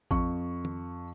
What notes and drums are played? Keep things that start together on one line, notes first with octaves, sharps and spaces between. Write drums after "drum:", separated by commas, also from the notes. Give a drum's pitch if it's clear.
F2 C#6, drum: kick A1
drum: tom D#3